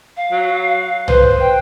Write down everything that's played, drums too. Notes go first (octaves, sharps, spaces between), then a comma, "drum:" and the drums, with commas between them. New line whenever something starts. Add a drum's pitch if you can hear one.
F5
F#3
B4 C5, drum: tom
G5